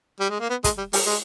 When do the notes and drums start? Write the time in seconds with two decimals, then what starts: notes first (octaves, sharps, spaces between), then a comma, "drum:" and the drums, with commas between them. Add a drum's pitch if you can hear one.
0.20 G3
0.30 G#3
0.40 A#3
0.50 B3
0.64 G#3, drum: kick, hi-hat
0.78 G3
0.93 G3, drum: open hi-hat
1.07 G#3